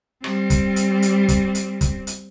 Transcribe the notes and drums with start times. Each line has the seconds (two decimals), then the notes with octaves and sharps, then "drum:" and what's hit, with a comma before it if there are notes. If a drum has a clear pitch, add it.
0.24 G3 C4, drum: rim click
0.50 drum: kick, hi-hat
0.76 drum: hi-hat
1.02 drum: hi-hat
1.29 drum: kick, hi-hat
1.55 drum: hi-hat
1.81 drum: kick, hi-hat
2.07 drum: hi-hat